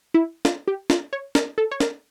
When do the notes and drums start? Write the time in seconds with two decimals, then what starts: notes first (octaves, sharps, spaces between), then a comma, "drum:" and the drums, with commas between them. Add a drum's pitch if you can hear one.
0.14 E4
0.45 F4, drum: snare
0.68 G4
0.90 F4, drum: snare
1.13 C#5
1.35 A#4, drum: snare
1.58 A4
1.71 C#5
1.80 A#4, drum: snare